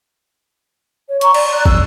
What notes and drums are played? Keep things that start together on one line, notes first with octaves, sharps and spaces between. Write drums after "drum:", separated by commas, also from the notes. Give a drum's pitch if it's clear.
C#5
A#5 C#6, drum: hi-hat
D5 C6, drum: cymbal
D5 F#6
E6, drum: kick